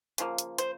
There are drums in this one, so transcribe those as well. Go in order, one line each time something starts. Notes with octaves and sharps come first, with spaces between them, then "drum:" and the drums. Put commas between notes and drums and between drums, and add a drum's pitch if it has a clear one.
C#3 F3 A#3, drum: hi-hat
drum: hi-hat
C5, drum: hi-hat